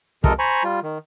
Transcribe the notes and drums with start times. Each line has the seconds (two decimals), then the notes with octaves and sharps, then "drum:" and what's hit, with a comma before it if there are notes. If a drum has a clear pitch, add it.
0.24 F2 C3 G#3 A4 A#4 D#5, drum: kick
0.39 C5 G#5 A#5 B5 C#6
0.64 G3 F4
0.83 D#3